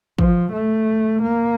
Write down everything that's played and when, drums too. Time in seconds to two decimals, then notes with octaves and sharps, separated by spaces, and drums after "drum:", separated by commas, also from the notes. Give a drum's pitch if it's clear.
0.18 F3, drum: kick
0.52 A3
1.22 A#3